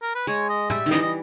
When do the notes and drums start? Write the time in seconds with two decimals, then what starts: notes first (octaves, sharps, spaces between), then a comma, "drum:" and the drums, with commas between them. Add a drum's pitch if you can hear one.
0.02 A#4
0.15 B4
0.27 G#3 C#5
0.49 D#5
0.70 G3 E5, drum: tom
0.86 D#3
0.91 E3 D#5, drum: snare
1.02 D#5